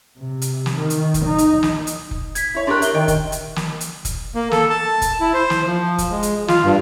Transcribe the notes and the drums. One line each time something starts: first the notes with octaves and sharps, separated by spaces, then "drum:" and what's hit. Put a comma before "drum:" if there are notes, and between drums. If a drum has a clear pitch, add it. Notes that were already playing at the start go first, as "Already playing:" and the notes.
C3
drum: hi-hat
drum: snare
D#3
drum: hi-hat
drum: kick F1, hi-hat
D#4
drum: hi-hat
drum: snare
drum: hi-hat
drum: kick F1
G#6 B6, drum: hi-hat
E4 C#5
D4 G4 A#4 C6 C#6 F#6
E5 G7, drum: hi-hat
D#3 D#5 G5
drum: kick F1, hi-hat
drum: hi-hat
drum: snare
drum: hi-hat
drum: kick F1, hi-hat
A#3
A4, drum: snare
A5
drum: kick F1, hi-hat
E4
C5
drum: snare
F3
drum: kick F1, hi-hat
G#3
drum: hi-hat
F4, drum: snare
G2